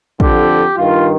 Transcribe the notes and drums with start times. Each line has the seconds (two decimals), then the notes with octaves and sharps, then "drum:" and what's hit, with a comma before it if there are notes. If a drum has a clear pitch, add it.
0.20 F2 D3 G4, drum: kick
0.77 G2 D#3 F4